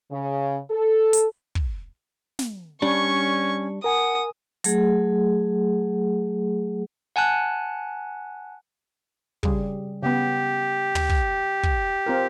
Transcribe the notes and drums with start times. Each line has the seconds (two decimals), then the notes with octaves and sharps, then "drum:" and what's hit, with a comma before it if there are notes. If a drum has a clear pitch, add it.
0.11 C#3
0.71 A4
1.13 drum: hi-hat
1.55 drum: kick
2.39 drum: snare
2.82 G3 C#4 D4 C#6
3.84 A#4 F#5 G#5 D#6
4.64 F#3 A3 G#4 F#5, drum: hi-hat
7.16 F#5 G#5 A5 F#6
9.43 C#3 G3 G#4, drum: kick
10.03 C#3 B3 G4
10.95 drum: tom
11.09 drum: kick
11.63 drum: kick
12.06 C4 F4 A#4